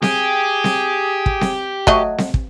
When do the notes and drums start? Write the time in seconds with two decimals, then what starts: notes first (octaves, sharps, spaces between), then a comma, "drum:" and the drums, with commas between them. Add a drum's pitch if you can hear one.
0.02 G4 G#4, drum: snare C4
0.64 drum: snare C4
1.26 drum: kick
1.41 drum: snare C4
1.87 F#3 A3 D#5, drum: kick
2.18 drum: snare C4
2.34 drum: kick